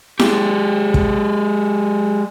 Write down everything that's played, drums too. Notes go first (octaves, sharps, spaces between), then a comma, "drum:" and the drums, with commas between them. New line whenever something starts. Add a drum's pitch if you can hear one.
G#3 G4, drum: snare E4
drum: kick